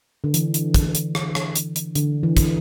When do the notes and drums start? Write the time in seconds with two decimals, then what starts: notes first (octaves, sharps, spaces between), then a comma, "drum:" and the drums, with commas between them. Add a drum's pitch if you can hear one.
0.24 D3
0.34 E3, drum: hi-hat
0.54 drum: hi-hat
0.74 drum: kick, hi-hat
0.95 drum: hi-hat
1.15 drum: rim click
1.35 drum: rim click
1.56 drum: hi-hat
1.76 drum: hi-hat
1.95 D3, drum: hi-hat
2.23 E3
2.37 drum: kick, hi-hat